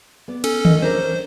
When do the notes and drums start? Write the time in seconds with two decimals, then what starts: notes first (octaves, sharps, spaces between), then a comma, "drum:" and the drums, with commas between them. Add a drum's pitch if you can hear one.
0.28 B3 D5
0.44 C#4 A4, drum: cymbal
0.65 D#3 D#5, drum: tom D#3
0.82 D4 A#4 C5 C#5